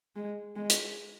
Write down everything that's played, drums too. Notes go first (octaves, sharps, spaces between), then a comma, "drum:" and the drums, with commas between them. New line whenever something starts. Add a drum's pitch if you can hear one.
G#3
G#3
drum: hi-hat